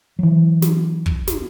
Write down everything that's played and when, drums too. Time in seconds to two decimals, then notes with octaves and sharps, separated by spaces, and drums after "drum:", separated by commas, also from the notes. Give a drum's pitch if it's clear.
0.19 E3 F#3
0.62 drum: snare
1.06 drum: kick
1.28 drum: snare